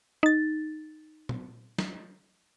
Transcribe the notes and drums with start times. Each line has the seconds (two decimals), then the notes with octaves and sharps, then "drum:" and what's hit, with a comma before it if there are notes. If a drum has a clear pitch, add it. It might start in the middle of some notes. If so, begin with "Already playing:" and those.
0.23 D#4 A6
1.29 drum: tom A#2
1.78 drum: snare